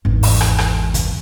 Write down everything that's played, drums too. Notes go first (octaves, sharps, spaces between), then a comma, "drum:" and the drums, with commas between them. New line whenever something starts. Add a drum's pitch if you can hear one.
G#1 E2
drum: open hi-hat
drum: rim click
drum: rim click
drum: kick, hi-hat